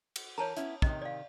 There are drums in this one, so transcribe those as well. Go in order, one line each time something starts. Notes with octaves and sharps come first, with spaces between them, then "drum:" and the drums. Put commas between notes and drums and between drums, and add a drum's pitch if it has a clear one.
drum: cymbal
E3 A#4 C#5 A5 A#5
B3 C#4 E4, drum: hi-hat
C3 D#3 D#5, drum: kick
D5 F5